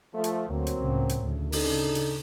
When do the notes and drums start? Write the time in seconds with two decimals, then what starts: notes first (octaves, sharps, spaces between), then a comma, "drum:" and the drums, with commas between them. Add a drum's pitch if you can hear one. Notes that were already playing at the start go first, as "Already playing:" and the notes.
0.14 F3 A3
0.24 drum: hi-hat
0.49 D2 F#3 A#3 C4
0.67 drum: hi-hat
0.81 C#2 A2 C#3
1.09 drum: hi-hat
1.23 D2
1.52 C#3 D4 D#4 A4, drum: open hi-hat
1.95 drum: hi-hat